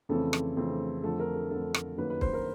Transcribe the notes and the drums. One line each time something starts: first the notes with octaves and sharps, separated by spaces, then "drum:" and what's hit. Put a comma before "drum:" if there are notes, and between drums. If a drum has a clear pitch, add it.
F2 C#3 E3 A3 C4 A4
drum: rim click
F2 C#3 E3 A3 C4
F2 D3 F3 A3 A4
A#4
A4
F2 D3 F3 A3 A4
drum: rim click
F#2 D#3 F#3 A#3 B4
B4
C5, drum: kick
A#4